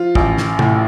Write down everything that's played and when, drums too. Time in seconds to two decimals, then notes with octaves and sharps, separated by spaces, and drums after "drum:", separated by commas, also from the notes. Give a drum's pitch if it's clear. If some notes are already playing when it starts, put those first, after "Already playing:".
Already playing: F3 F4
0.15 A1, drum: kick
0.38 drum: snare
0.59 A2, drum: tom